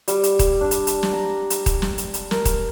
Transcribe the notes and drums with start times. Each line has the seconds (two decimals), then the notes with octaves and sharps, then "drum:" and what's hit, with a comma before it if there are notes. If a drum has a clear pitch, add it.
0.08 G3, drum: hi-hat
0.23 drum: hi-hat
0.39 drum: kick D#1, hi-hat
0.61 D4
0.71 drum: hi-hat
0.87 drum: hi-hat
1.03 drum: snare
1.13 A#5
1.50 drum: hi-hat
1.66 drum: kick D#1, hi-hat
1.82 drum: snare
1.98 drum: hi-hat
2.14 drum: hi-hat
2.31 A#4, drum: snare
2.45 drum: kick D#1, hi-hat